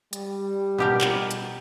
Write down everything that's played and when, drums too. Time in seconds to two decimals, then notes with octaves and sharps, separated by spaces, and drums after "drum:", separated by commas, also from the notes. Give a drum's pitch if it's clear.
0.13 G3, drum: hi-hat
0.78 B2 G4 A#4
1.01 drum: clap
1.31 drum: hi-hat